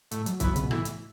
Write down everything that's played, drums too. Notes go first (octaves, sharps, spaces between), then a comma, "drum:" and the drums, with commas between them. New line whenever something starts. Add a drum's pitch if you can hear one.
A2, drum: hi-hat
F#3, drum: hi-hat
E3 F#3 B3, drum: kick C2, hi-hat
C#3, drum: hi-hat
B2
A2 E3, drum: rim click
drum: hi-hat